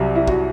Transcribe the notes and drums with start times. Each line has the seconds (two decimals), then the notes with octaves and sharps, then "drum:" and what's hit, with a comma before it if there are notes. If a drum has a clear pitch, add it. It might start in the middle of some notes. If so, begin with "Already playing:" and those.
Already playing: C2 C3 F#3 G4
0.15 E4
0.28 F#4, drum: kick